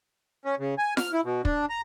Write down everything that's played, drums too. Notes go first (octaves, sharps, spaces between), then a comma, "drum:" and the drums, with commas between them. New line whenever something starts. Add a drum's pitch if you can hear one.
C#4
C#3
G#5
F6, drum: snare F4
E4
B2
D4, drum: kick
A#5